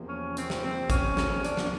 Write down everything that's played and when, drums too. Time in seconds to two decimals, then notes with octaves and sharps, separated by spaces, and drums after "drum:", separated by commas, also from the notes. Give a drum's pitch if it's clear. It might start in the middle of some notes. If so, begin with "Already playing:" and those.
Already playing: E2 C3 F3 A#3
0.09 C#4
0.37 C4, drum: hi-hat
0.50 drum: snare
0.64 C4
0.90 C#4, drum: kick G#1, hi-hat
1.17 drum: snare
1.45 D4, drum: hi-hat
1.57 drum: snare